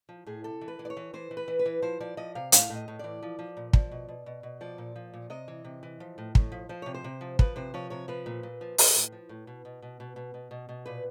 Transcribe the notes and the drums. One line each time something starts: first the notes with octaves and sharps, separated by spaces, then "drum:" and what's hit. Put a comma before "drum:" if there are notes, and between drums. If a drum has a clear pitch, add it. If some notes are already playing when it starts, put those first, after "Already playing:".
F3
A2 G#4
C3 A4
E3
B4
E3
D5
C#5
E3
E3 C5
E3
B4
E3
B4
E3
F3 C5
F3 D5
F3 D#5
C3 F5
A2 F5, drum: hi-hat
A2
D#5
A2
E3 D5
F3
F3
A#2
F3, drum: kick
B2
B2
B2
B2
F3 D5
A#2
F3
A#2
C3 D#5
E3
C3
E3
F3
A2
A2, drum: kick
F3
F3 C5
C3 C#5
C5
C3
F3
F3 B4, drum: kick
C3 C5
F3 C#5
C3 C#5
F3 B4
A#2
A#2
F3
F3, drum: open hi-hat
A2
F3
A2
B2
B2
B2
B2
B2
B2
B2
B2
A#2 B4